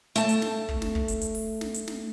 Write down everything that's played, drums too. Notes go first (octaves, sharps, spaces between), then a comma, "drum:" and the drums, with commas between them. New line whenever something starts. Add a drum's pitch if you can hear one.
A3 A5, drum: hi-hat
drum: hi-hat
drum: snare
drum: kick
drum: snare
drum: kick
drum: hi-hat
drum: hi-hat
drum: open hi-hat
drum: snare
drum: hi-hat
drum: snare